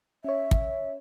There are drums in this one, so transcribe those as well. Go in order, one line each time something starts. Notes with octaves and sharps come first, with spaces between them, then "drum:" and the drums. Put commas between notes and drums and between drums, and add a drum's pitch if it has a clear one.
C#4 C#5 E5
drum: kick